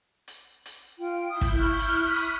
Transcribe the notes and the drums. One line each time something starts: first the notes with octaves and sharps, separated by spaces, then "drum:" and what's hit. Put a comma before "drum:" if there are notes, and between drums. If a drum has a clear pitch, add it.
drum: hi-hat
drum: hi-hat
F4 G5
E4 D#6 G6
drum: kick, hi-hat
C#6 F6 F#6
drum: hi-hat
B5 D#6 B6
drum: hi-hat